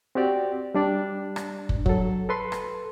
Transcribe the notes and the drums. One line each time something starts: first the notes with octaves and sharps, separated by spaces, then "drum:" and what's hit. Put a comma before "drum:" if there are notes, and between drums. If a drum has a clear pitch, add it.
C4 F#4 G4 D5
G3 D4 D5
drum: rim click
drum: kick
F#3 A4, drum: kick
A4 B4 C6
drum: rim click